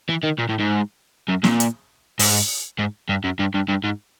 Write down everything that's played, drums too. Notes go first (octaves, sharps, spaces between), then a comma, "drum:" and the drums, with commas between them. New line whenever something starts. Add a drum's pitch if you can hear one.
E3
D#3
A#2
A2
G#2
F#2
A#2, drum: snare
drum: hi-hat
G#2, drum: open hi-hat
G#2
G2
F#2
G2
G2
G2
G#2